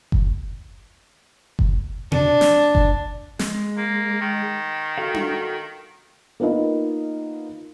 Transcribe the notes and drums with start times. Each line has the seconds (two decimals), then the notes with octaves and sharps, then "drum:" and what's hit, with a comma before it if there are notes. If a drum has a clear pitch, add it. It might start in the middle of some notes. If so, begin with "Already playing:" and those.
0.12 drum: kick F#1
1.59 drum: kick F#1
2.12 D4, drum: tom B2
2.41 drum: snare
2.75 drum: kick F#1
3.39 G#3, drum: snare
3.77 A#3
4.21 D#3
4.98 F#4 A4 F5
5.14 drum: tom D4
6.40 A#3 B3 D#4 F4 D#5